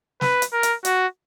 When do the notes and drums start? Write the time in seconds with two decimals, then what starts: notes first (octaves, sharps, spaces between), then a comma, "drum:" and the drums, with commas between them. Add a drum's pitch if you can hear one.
0.21 B4, drum: snare
0.42 drum: hi-hat
0.53 A#4
0.63 drum: hi-hat
0.85 F#4, drum: hi-hat